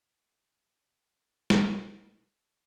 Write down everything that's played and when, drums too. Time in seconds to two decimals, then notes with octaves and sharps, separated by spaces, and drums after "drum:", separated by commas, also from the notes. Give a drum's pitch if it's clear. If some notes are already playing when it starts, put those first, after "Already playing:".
1.12 A4
1.50 drum: snare
1.76 G#2 A#3 C#5
2.25 E3 F#4 A#4 A5